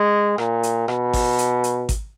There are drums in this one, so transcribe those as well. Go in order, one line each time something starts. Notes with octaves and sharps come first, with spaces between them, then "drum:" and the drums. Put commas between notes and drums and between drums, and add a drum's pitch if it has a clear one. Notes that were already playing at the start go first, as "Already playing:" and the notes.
Already playing: G#3
A#2, drum: rim click
drum: hi-hat
B2, drum: rim click
drum: kick G#1, open hi-hat
drum: hi-hat
drum: hi-hat
drum: kick G#1, hi-hat